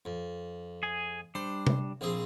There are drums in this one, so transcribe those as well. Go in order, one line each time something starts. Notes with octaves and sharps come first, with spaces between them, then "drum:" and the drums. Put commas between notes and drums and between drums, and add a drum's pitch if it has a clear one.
F2
G#4 G#5
G3 D4 C5
drum: tom C3
A#1 C4 G#4